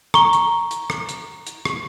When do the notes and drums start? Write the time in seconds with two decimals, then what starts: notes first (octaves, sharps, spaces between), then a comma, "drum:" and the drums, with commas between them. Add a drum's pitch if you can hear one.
0.14 A#5 C#6 G7, drum: rim click
0.33 drum: hi-hat
0.71 drum: hi-hat
0.90 drum: rim click
1.09 drum: hi-hat
1.47 drum: hi-hat
1.65 drum: rim click